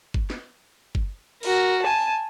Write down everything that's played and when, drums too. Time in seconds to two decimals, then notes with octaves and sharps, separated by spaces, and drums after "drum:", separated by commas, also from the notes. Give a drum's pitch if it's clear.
0.14 drum: kick G1
0.30 drum: snare
0.95 drum: kick G1
1.43 F#4 A#4, drum: cymbal
1.82 G#5 A5